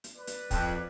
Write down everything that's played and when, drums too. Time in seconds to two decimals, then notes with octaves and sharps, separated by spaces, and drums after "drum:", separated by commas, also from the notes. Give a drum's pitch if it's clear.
0.04 drum: hi-hat
0.16 B4 D5
0.27 drum: hi-hat
0.51 F2 G5 A5 F#6, drum: kick, hi-hat